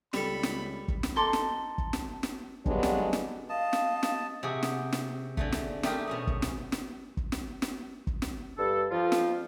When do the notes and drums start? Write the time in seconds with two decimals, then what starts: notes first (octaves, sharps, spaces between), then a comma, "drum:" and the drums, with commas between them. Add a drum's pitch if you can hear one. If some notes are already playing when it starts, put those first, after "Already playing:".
0.13 C#2 G3 A4 B5, drum: snare
0.43 drum: snare
0.88 drum: kick
1.03 drum: snare
1.16 D#4 A4 C6 D6
1.33 drum: snare
1.78 drum: kick
1.93 drum: snare
2.23 drum: snare
2.66 G2 D3 F#3 G#3 B3 D4, drum: kick
2.83 drum: snare
3.13 drum: snare
3.49 D#5 F5 A5
3.73 drum: snare
4.03 drum: snare
4.43 C3 F#4 G#4
4.63 drum: snare
4.92 drum: snare
5.37 D3 G#3 A3, drum: kick
5.52 drum: snare
5.83 A3 C4 G4 G#4 A#4, drum: snare
6.07 B2 C#4 G#4
6.27 drum: kick
6.42 drum: snare
6.72 drum: snare
7.17 drum: kick
7.32 drum: snare
7.62 drum: snare
8.07 drum: kick
8.22 drum: snare
8.58 G2 A4
8.91 F2 F3 F4
9.12 drum: snare